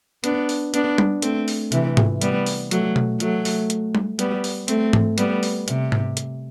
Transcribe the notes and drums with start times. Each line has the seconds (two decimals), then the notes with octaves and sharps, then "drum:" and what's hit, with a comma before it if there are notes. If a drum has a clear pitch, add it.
0.24 B3 D4, drum: hi-hat
0.49 drum: open hi-hat
0.74 B3 D4, drum: hi-hat
0.98 drum: tom G3
1.22 A3 C4, drum: hi-hat
1.48 drum: open hi-hat
1.72 C3 E3, drum: hi-hat
1.97 drum: tom G#2
2.22 G3 B3, drum: hi-hat
2.46 drum: open hi-hat
2.71 F#3 A3, drum: hi-hat
2.96 drum: tom B2
3.20 F#3 A3, drum: hi-hat
3.45 drum: open hi-hat
3.70 drum: hi-hat
3.95 drum: tom G3
4.19 G3 B3, drum: hi-hat
4.44 drum: open hi-hat
4.68 A3 C4, drum: hi-hat
4.93 drum: tom G#2
5.18 G3 B3, drum: hi-hat
5.43 drum: open hi-hat
5.68 C3, drum: hi-hat
5.92 drum: tom G#2
6.17 drum: hi-hat